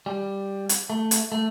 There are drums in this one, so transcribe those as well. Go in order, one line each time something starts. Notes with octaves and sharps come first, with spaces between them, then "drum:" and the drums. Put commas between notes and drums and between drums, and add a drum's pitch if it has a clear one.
G3
drum: hi-hat
A3
drum: hi-hat
A3